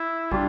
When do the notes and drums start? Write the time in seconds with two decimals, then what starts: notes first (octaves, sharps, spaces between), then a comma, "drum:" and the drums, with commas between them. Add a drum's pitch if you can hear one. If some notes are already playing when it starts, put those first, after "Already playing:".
Already playing: E4
0.32 G3 D4 F4, drum: kick